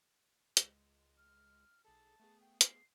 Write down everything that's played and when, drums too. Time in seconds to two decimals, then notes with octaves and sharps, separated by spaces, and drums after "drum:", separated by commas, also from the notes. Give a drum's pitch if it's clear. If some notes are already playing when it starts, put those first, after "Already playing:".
0.57 C#2 G#3, drum: hi-hat
1.18 F6
1.85 B1 G#4 A4 A5
2.20 A3 B3 G#4
2.41 G5
2.61 C7, drum: hi-hat